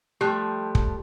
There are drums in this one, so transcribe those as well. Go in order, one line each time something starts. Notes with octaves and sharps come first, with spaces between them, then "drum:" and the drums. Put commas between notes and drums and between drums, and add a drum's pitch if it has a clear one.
F3 G3 A3 G4 F#6
drum: kick